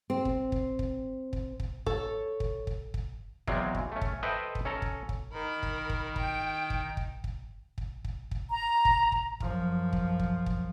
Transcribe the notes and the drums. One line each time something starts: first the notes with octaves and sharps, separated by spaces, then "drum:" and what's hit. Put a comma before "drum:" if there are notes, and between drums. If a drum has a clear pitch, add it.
C4
drum: kick
drum: kick
drum: kick
drum: kick
drum: kick
A4 C#5, drum: kick
drum: kick
drum: kick
drum: kick
E2 F#3 G#3 C4 F4 D5, drum: kick
drum: kick
A3 C#4
drum: kick
A4 B4 C5 D#5 E5 G5
drum: kick
C#4 A4 A#5
drum: kick
drum: kick
D#3 A#4 B5
drum: kick
drum: kick
G5, drum: kick
drum: kick
drum: kick
drum: kick
drum: kick
drum: kick
drum: kick
A#5
drum: kick
drum: kick
F#2 F3, drum: kick
drum: kick
drum: kick
drum: kick